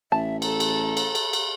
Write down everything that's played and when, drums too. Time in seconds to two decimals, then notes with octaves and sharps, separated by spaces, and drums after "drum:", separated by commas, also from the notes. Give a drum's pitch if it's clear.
0.12 A1 E5 A5
0.42 A4 A#5, drum: cymbal
0.60 drum: cymbal
0.97 drum: cymbal
1.15 drum: cymbal
1.33 drum: cymbal